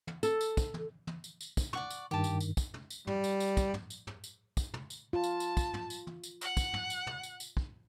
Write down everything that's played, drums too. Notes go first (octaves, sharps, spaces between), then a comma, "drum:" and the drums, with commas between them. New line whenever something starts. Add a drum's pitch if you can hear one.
drum: tom
A4, drum: tambourine
drum: tambourine
drum: kick, tambourine
drum: tom
drum: tom
drum: tambourine
drum: tambourine
drum: kick, tambourine
D5 F#5 C#6, drum: tom
drum: tambourine
G2 D#3 G4 A5
drum: tambourine
drum: tambourine
drum: kick, tambourine
drum: tom
drum: tambourine
G3, drum: tom
drum: tambourine
drum: tambourine
drum: kick, tambourine
drum: tom
drum: tambourine
drum: tom
drum: tambourine
drum: kick, tambourine
drum: tom
drum: tambourine
F4 A5
drum: tambourine
drum: tambourine
drum: kick, tambourine
drum: tom
drum: tambourine
drum: tom
drum: tambourine
F#5, drum: tambourine
drum: kick, tambourine
drum: tom
drum: tambourine
drum: tom
drum: tambourine
drum: tambourine
drum: kick